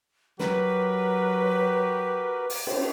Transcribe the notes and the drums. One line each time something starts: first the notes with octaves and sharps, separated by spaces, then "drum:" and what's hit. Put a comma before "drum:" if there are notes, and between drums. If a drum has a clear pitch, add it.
F#3 F#4 G4 A#4 B4, drum: snare
drum: open hi-hat
drum: cymbal